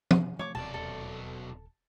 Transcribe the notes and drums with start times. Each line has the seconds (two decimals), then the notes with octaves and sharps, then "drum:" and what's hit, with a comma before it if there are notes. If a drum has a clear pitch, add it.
0.11 drum: tom F3
0.39 F3 A3 C#5 D6
0.55 D#1 B1 E2 C3 D5 A5
0.74 A4